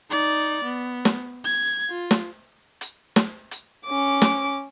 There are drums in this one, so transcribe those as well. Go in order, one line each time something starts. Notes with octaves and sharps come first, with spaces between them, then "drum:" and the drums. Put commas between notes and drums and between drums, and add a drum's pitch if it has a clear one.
D#4 D5
B3
drum: snare
G#6
F4
drum: snare
drum: hi-hat
drum: snare
drum: hi-hat
C#4 D6
drum: snare